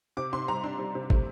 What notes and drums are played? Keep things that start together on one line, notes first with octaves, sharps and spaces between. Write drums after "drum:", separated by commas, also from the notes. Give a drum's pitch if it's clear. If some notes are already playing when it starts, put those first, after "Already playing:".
C3 D6
C3 C6
G3 A#5
D4 C6
G3
C3
A3, drum: kick